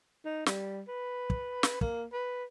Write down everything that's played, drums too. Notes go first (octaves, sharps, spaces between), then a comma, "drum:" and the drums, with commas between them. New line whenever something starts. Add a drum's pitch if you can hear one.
D#4
G3, drum: snare
B4
drum: kick
drum: snare
A#3, drum: kick
B4